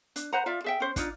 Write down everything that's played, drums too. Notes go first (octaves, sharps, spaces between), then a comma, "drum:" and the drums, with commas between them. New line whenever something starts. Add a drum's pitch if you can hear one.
D4, drum: hi-hat
B4 C5 F#5 A#5
F4 D5 E5 F5
G#4 E5 G5
C#4 C5
D4 D#4 F4, drum: kick, hi-hat